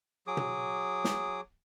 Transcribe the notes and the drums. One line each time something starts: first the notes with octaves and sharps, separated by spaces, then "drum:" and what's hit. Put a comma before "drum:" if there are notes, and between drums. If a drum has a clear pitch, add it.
F#3 G#4 D6 D#6
drum: tom
drum: snare